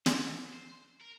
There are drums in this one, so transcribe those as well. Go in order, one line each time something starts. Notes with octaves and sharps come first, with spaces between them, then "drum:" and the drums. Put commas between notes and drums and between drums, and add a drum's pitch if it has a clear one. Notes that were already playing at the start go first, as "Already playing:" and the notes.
A4, drum: snare
C5
A#4